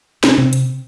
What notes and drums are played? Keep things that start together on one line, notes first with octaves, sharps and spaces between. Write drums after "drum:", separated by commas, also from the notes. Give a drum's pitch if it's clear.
C3 C4, drum: snare
C3 C4
drum: hi-hat